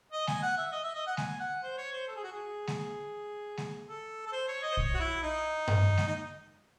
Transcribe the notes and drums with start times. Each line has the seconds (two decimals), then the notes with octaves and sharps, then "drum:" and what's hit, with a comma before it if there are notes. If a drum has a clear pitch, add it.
0.12 D#5
0.27 G#5, drum: snare G#3
0.42 F#5
0.57 E5
0.72 D#5
0.84 E5
0.95 D#5
1.07 F#5
1.17 G#5, drum: snare G#3
1.40 F#5
1.63 C5
1.77 C#5
1.93 C5
2.08 A4
2.16 G#4
2.23 F#4
2.32 G#4
2.67 drum: snare G#3
3.57 drum: snare G#3
3.87 A4
4.26 A4
4.32 C5
4.48 C#5
4.63 D#5
4.72 C5
4.77 C#5, drum: kick
4.94 F#4
5.00 E4
5.23 D#4
5.67 drum: tom G2
5.97 drum: snare G#3
6.08 D#4